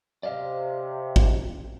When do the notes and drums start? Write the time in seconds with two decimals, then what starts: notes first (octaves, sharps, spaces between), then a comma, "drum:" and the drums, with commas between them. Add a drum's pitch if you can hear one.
0.23 C3 D5 D#5 F5
1.16 drum: kick